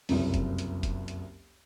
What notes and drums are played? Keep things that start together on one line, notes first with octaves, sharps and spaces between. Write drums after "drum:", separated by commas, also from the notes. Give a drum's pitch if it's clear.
F#1 C2 F2, drum: open hi-hat
drum: kick F1, hi-hat
drum: hi-hat
drum: kick F1, hi-hat
drum: hi-hat